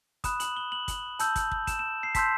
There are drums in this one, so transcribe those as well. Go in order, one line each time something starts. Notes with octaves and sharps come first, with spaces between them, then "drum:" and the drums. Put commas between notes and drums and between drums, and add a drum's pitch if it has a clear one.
B5 D#6 F#6 E7, drum: kick, hi-hat
F#7, drum: hi-hat
G7
F#7
drum: kick, hi-hat
A5 E6 G6, drum: hi-hat
drum: kick, hi-hat
drum: kick
E7, drum: kick, hi-hat
E7
C7
A5 C6 E6 G6 B6, drum: kick, hi-hat